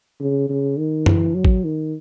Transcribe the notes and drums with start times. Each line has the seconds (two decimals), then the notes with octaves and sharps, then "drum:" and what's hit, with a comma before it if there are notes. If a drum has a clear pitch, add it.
0.20 C#3
0.49 C#3
0.78 D#3
1.06 E3, drum: tom F#2
1.35 F#3
1.45 drum: kick
1.64 D#3